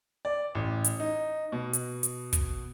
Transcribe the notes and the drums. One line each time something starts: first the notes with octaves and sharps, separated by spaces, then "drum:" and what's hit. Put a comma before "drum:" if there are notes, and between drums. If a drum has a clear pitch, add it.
D5
A1
drum: hi-hat
D#4
B2
drum: hi-hat
drum: hi-hat
drum: kick, hi-hat